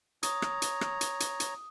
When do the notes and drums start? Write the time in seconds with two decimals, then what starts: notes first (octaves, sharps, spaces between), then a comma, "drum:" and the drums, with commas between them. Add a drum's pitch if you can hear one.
0.23 C#5 A#5 D#6, drum: hi-hat
0.42 drum: rim click
0.62 drum: hi-hat
0.81 drum: rim click
1.01 drum: hi-hat
1.20 drum: hi-hat
1.40 drum: hi-hat